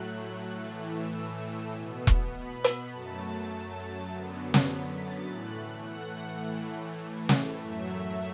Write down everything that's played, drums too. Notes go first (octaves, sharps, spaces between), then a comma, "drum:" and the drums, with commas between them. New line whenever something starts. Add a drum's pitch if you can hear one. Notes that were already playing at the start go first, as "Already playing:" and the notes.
Already playing: A2 F#3 A3 F#6
A2 E3 A3 A6
E6
B2 B3
drum: kick E1
B5
drum: hi-hat
F#2 F#3 A3 A5
A5
F#2 D3 F#3 B3
drum: snare
B6
A6
A2 E3 A3 F#6
F#5
A2 E3 A3
drum: snare
F#2 F#3 A3 E5